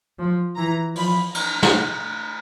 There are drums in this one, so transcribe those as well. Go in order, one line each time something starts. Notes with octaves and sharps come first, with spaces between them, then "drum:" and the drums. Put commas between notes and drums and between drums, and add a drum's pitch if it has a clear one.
F3
E3 A#5
F3 B5, drum: open hi-hat
A#5, drum: cymbal
drum: snare